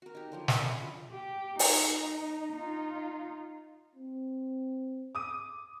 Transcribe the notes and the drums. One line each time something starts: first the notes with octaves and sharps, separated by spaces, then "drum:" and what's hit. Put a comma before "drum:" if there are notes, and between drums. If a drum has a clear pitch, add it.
F#4 A#4
D#4 G4
D3 F3 F#3
G#4, drum: snare
D3 C#4 C5 B5
F4 D#5 E5
G4
D#4, drum: open hi-hat
D#4 F4
C4
D6 D#6 D#7